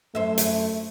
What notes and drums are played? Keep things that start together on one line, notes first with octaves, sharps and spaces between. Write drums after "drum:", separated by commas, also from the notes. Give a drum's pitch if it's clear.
F#2 A3 C5 E5
drum: hi-hat